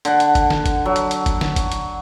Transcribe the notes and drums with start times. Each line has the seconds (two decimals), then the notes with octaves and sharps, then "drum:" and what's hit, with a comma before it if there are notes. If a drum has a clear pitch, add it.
0.05 D3 F#5, drum: hi-hat
0.20 drum: hi-hat
0.35 drum: kick G1, hi-hat
0.50 drum: snare
0.66 drum: kick G1, hi-hat
0.85 F#3
0.96 drum: hi-hat
1.11 drum: hi-hat
1.26 drum: kick G1, hi-hat
1.41 drum: snare
1.56 drum: kick G1, hi-hat
1.72 drum: hi-hat